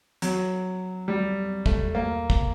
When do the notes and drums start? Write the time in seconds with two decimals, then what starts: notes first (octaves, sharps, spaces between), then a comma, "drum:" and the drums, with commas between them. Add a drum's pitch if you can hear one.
0.22 F#3, drum: hi-hat
1.08 G3
1.66 A3, drum: kick
1.95 A#3
2.30 drum: kick